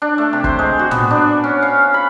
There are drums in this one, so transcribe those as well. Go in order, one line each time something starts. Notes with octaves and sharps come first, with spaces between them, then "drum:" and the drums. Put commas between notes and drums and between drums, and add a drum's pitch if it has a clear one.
D4
A3
C3
C5, drum: kick
G#3
F#4
B3, drum: tom
D4
C#4
F5
B5